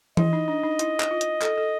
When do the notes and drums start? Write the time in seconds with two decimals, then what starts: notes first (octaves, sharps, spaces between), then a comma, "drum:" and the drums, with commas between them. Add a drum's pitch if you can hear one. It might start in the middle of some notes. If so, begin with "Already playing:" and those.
0.17 E4 D#5, drum: tom E3
0.33 D#4
0.48 D4
0.63 D#4
0.79 E4, drum: hi-hat
1.00 drum: clap
1.11 F4
1.21 drum: hi-hat
1.42 A4, drum: clap
1.58 A4